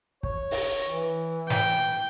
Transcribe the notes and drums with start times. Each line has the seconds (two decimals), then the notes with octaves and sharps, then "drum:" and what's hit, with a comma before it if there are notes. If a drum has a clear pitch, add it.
0.23 C#5, drum: kick
0.51 drum: open hi-hat
0.87 E3
1.50 G5, drum: snare